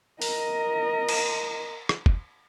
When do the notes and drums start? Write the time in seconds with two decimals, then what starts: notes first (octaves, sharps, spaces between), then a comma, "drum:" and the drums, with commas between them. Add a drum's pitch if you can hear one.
0.22 A#4 D#5, drum: open hi-hat
1.09 drum: cymbal
1.89 drum: rim click
2.06 drum: kick